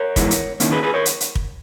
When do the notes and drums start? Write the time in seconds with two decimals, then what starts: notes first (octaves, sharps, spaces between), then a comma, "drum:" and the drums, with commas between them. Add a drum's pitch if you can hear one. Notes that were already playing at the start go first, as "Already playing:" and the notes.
Already playing: A#4 C#5
0.16 G#2 E3 G#3 B3 E4, drum: kick, hi-hat
0.31 drum: hi-hat
0.60 D#2 D#3 A#3 C#4 E4, drum: hi-hat
0.72 G#4 B4
0.83 G#4 B4
0.94 A#4 C#5
1.05 drum: hi-hat
1.20 drum: hi-hat
1.35 drum: kick